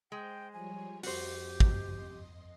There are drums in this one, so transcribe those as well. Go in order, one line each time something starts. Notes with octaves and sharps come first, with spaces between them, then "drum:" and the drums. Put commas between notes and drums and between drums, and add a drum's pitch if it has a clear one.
G#3 C5 G5
F3 G3 C#5 G#5
F2 F#4 G4 C5 D#5 C6, drum: open hi-hat
drum: kick